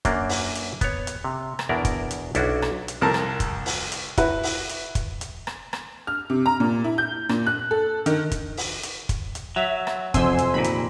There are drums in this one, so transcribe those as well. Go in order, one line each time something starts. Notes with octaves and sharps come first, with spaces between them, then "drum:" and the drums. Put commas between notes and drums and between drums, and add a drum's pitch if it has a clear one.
F#2 F#3 A#3 D4, drum: kick, hi-hat
drum: open hi-hat
drum: hi-hat
B3 C#5, drum: kick, hi-hat
drum: hi-hat
C3
drum: rim click
E2 B2 D4 E4 A#4 D5
drum: kick, hi-hat
drum: hi-hat
B1 C#4 D4 E4 F#4, drum: hi-hat
drum: rim click
drum: hi-hat
C2 F2 A#4 A5
drum: rim click
drum: kick, hi-hat
drum: open hi-hat
drum: hi-hat
E4 F#4 B4, drum: kick, hi-hat
drum: open hi-hat
drum: hi-hat
drum: kick, hi-hat
drum: hi-hat
drum: rim click
drum: rim click
F6
C3
A#5
A#2
E4
G6
A#2, drum: rim click
F#6
A4
D#3, drum: hi-hat
drum: kick, hi-hat
drum: open hi-hat
drum: hi-hat
drum: kick, hi-hat
drum: hi-hat
F#3 E5
drum: rim click
F2 C3 G#5 C6 E6, drum: kick, hi-hat
drum: hi-hat
D#2 A#2 B5
drum: hi-hat